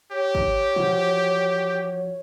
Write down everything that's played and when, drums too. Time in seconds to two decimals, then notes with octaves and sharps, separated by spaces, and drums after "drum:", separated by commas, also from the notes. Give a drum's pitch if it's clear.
0.12 G4 C#5
0.35 drum: kick G#1
0.76 F3 F#4, drum: tom